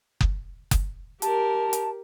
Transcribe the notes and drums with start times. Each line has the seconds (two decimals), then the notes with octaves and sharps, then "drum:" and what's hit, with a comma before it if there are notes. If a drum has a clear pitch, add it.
0.21 drum: kick F#1
0.71 drum: kick F#1, hi-hat
1.22 G4 A#4 A5, drum: hi-hat
1.73 drum: hi-hat